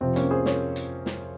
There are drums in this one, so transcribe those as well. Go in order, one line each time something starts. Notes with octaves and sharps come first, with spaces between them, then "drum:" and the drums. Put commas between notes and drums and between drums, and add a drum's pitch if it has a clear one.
F2 C3 F3 C4
A#3 C#4, drum: hi-hat
G#4 C5
A#4 C#5, drum: snare
drum: hi-hat
drum: snare